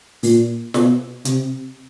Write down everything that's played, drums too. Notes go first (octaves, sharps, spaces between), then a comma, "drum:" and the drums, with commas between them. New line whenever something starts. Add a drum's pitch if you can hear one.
A#2, drum: open hi-hat
B2, drum: snare
C3, drum: hi-hat